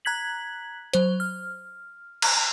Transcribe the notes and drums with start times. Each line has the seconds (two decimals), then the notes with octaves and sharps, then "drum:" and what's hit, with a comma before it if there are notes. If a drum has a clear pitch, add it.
0.05 A#5 F#6 G#6 B6 F#7
0.94 F#3 C5, drum: hi-hat
1.20 F6
2.22 drum: cymbal